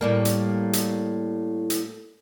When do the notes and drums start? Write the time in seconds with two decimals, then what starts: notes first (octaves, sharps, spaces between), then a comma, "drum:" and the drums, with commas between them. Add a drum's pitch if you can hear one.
0.01 A2 G3 A#3
0.25 drum: hi-hat
0.73 drum: hi-hat
1.70 drum: hi-hat